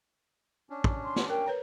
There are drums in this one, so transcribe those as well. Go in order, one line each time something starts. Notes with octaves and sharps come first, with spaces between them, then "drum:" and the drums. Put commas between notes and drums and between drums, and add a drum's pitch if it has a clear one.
C#4 D4
drum: kick
C6
drum: snare
A#4 G5
B4 C#5 A#5